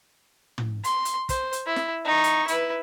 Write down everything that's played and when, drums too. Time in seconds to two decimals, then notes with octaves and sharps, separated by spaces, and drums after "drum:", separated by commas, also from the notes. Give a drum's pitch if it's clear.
0.58 drum: tom
0.84 C6, drum: hi-hat
1.05 drum: hi-hat
1.29 C5, drum: kick, hi-hat
1.53 drum: hi-hat
1.66 E4
1.76 drum: snare
2.05 D#4 C#6
2.24 drum: hi-hat
2.48 E4 B4, drum: hi-hat